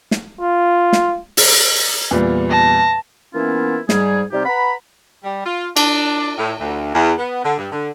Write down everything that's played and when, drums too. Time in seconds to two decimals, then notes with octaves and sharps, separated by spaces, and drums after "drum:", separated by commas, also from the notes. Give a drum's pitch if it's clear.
0.11 drum: snare
0.41 F4
0.93 drum: snare
1.37 drum: open hi-hat
2.11 E2 A#2 G3
2.50 A5 A#6
3.34 E3 A#3 B3 C#4 E4 F4
3.89 G#2 G3 G#4, drum: snare
4.32 C3 G3 C4 D#4 F4 G4
4.46 B4 F#5 A#5 B5
5.24 G3
5.44 F4
5.77 D4, drum: cymbal
6.37 A2
6.59 D2
6.94 E2
7.18 B3
7.43 D3
7.58 G2
7.72 D3